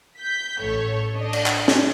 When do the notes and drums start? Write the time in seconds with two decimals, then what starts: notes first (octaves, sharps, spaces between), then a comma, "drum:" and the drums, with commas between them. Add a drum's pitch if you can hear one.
0.18 G6 B6
0.59 A1 A4 C#5
1.15 D4 D#5
1.33 drum: cymbal
1.46 drum: clap
1.68 drum: snare